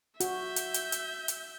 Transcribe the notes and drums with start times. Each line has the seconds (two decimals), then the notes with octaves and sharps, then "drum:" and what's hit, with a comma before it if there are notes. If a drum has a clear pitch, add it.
0.20 F#4 E5 G6, drum: hi-hat
0.56 drum: hi-hat
0.74 drum: hi-hat
0.92 drum: hi-hat
1.28 drum: hi-hat